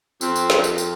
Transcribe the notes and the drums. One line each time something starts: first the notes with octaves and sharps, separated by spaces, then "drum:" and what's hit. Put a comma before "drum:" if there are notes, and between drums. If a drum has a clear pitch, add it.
F2 C4, drum: tambourine
drum: tambourine
drum: snare
drum: tambourine
drum: tambourine